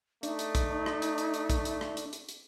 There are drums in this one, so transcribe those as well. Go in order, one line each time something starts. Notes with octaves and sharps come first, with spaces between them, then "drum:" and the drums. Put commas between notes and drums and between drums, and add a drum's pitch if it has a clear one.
A3 D4 D#4, drum: hi-hat
drum: hi-hat
drum: kick A#1, hi-hat
drum: rim click
drum: hi-hat
drum: hi-hat
drum: hi-hat
drum: kick A#1, hi-hat
drum: hi-hat
drum: rim click
drum: hi-hat
drum: hi-hat
drum: hi-hat